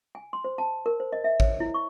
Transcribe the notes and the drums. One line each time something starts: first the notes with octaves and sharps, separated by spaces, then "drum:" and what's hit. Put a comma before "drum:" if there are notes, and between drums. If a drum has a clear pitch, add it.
G#5
C6
C5
A5
A#4
C5
D#5
E5
C#5, drum: kick A1
E4
C#6